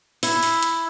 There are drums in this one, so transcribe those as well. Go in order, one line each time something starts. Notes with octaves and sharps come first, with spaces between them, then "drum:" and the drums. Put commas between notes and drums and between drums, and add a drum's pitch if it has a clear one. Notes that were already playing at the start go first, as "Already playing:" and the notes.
E4, drum: open hi-hat
drum: open hi-hat
drum: hi-hat